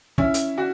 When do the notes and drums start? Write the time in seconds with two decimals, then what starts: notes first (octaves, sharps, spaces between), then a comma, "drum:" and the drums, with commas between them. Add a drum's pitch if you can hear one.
0.18 C#4 E4, drum: kick
0.34 drum: hi-hat
0.58 F#4